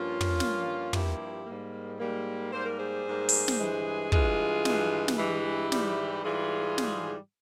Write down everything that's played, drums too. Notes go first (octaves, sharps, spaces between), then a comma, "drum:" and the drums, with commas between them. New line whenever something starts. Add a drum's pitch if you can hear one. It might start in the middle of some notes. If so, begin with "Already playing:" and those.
Already playing: G2 F3 A#3 C#4 F4
drum: tom
G2 F3 A#3, drum: snare
G2 F3 A#3 E4 G4, drum: tom
G#2 G3 A#3
G#2 G3 A#3
G#2 G3 A#3 C5
A#4
G#4 C5
G#2 G3 A#3
drum: open hi-hat
drum: snare
G2 E3 G#3
G2 E3 G#3 F4 G#4, drum: kick
G2 E3 G#3, drum: snare
drum: snare
G2 E3 G#3 E4 G4
G#2 E3 G3, drum: snare
G#2 E3 G3 F4 G#4
G#2 E3 G3, drum: snare